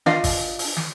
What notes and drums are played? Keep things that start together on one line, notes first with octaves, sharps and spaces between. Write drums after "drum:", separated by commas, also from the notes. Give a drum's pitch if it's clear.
D4 F4 D#5 F5, drum: snare
drum: kick G#1, open hi-hat
drum: open hi-hat
drum: snare